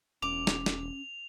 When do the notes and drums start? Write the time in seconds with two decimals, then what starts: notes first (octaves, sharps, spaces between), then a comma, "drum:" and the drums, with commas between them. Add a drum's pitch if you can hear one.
0.22 E1 C#4 D6 F7
0.47 drum: snare
0.66 drum: snare